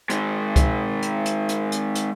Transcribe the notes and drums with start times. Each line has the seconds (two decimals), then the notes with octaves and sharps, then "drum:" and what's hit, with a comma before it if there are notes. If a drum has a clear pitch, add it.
0.10 D#3 G#3, drum: hi-hat
0.56 drum: kick C2, hi-hat
1.02 drum: hi-hat
1.26 drum: hi-hat
1.49 drum: hi-hat
1.72 drum: hi-hat
1.95 drum: hi-hat